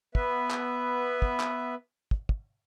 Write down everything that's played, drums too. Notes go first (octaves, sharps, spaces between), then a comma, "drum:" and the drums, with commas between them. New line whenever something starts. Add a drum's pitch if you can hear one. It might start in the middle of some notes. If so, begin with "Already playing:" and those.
B3 B4 E5, drum: kick
drum: clap
drum: kick
drum: clap
drum: kick
drum: kick